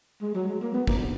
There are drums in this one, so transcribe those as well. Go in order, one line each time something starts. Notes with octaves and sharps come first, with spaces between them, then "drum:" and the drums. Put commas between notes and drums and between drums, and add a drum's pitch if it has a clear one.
G#3
F#3
G#3
A#3
B3
A#3, drum: kick